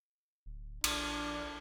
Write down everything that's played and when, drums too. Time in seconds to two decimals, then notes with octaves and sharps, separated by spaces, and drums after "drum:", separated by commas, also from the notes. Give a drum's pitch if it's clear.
0.46 D1
0.84 A#1 D4, drum: cymbal